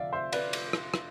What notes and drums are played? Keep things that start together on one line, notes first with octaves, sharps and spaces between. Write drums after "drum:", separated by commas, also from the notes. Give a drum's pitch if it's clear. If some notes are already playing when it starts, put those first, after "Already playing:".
Already playing: F1 F2 D3 F3 D5 E5 F5
C5 E5
B4 D5, drum: cymbal
drum: cymbal
drum: rim click
drum: rim click